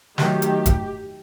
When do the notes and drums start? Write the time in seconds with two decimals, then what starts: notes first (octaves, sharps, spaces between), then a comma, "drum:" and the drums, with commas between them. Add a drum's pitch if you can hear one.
0.18 D#3 F#3 A3 G4, drum: snare
0.42 drum: hi-hat
0.66 drum: kick, hi-hat